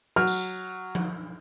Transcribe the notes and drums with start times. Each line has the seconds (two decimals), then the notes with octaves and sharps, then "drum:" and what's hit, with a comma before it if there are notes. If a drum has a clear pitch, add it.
0.16 F#3 F6
0.27 drum: tambourine
0.95 drum: tom F3